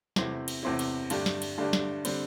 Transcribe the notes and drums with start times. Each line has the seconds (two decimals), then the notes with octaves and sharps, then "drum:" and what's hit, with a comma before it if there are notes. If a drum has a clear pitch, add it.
0.16 E2 C3 A3 C4 E4, drum: snare
0.48 drum: cymbal
0.63 E2 C3 A3 C4 E4
0.79 drum: cymbal
1.10 G2 D3 A3 D4 G4, drum: cymbal
1.26 drum: snare
1.42 drum: cymbal
1.58 G2 D3 A3 D4 G4
1.73 drum: snare
2.05 D3 G3 C4, drum: cymbal